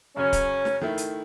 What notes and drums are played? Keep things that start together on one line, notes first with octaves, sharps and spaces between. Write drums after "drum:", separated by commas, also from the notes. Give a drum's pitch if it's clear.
F#2 C#3 F#3 C#4
drum: kick, hi-hat
drum: snare
D#3 A3 E4
drum: hi-hat